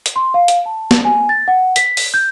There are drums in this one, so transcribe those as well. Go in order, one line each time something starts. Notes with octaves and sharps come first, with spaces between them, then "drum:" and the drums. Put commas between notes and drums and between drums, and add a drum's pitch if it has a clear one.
drum: hi-hat
C6
F5
drum: hi-hat
A5
drum: snare
G#5
A6
F#5
B6, drum: hi-hat
drum: open hi-hat
G6